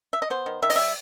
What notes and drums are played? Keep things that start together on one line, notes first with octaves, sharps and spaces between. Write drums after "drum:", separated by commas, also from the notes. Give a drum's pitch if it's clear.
E5
D#5
B3 C5
D#3
D#3 E5
D#5, drum: open hi-hat
G3 E5